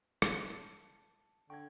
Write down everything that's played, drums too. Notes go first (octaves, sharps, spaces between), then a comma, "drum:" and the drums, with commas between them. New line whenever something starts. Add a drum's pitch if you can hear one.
A5, drum: rim click
D3 G5 C#6 G#6